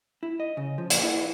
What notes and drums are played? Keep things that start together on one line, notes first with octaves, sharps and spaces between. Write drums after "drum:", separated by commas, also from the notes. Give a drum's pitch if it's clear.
E4
D#5
C#3
F3
A#2, drum: hi-hat
E4